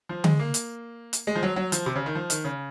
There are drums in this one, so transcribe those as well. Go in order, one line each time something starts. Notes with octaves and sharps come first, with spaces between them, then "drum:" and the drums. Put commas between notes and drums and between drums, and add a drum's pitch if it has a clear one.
F3
G#3, drum: tom D3
A#3
drum: hi-hat
drum: hi-hat
G#3
F3
F#3
F#3
F3, drum: hi-hat
C3
C#3
D#3
F3
D#3, drum: hi-hat
C#3